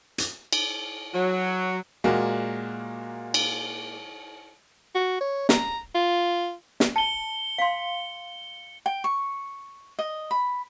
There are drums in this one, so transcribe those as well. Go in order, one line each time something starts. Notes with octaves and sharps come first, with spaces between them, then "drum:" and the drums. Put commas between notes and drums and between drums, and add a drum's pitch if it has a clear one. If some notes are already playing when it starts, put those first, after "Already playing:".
drum: hi-hat
drum: cymbal
F#3
A#2 G#3 A#3 F#4
drum: cymbal
F#4
C#5
A#5, drum: snare
F4
drum: snare
A5 C#7 G7
F5 C6
G5
C#6
D#5
B5